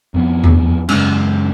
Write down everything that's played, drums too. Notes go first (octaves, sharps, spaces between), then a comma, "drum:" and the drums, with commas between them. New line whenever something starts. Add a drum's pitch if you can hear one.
F2 F3 B3
drum: tom E2
F#2 C#3 G#3 C#4, drum: cymbal